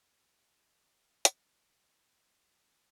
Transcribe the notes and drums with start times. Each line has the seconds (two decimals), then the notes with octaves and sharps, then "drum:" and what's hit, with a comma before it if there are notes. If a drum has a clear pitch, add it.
0.24 C5 D5 C6 D6
1.25 drum: hi-hat